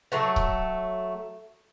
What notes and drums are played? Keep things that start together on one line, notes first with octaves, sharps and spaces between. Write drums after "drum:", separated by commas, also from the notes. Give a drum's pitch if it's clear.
F#3 A3 F#5
drum: kick C#1